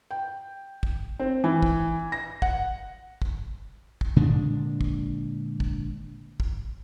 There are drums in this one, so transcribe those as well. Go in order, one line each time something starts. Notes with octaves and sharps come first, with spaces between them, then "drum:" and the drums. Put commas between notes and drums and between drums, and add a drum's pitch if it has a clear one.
G5
drum: kick
C4
E3
drum: kick
A#6
F#5, drum: kick
drum: kick
drum: kick
A#2 D3 G#3 D4
drum: kick
drum: kick
drum: kick